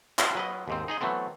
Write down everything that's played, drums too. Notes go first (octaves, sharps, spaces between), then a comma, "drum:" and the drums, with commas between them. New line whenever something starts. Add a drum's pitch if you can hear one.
D4 F4 F#4 C5 D#5, drum: clap
F#3 B4 D#5
D#2 G#2 C4
D#4 G#4 D#5
E3 F#3 A3 B3 C4